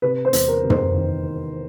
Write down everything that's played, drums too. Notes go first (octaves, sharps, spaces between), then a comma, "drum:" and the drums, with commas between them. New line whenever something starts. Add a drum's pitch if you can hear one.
C3 B4
C5
E2, drum: hi-hat
A#4
C3
C5, drum: tom
D#3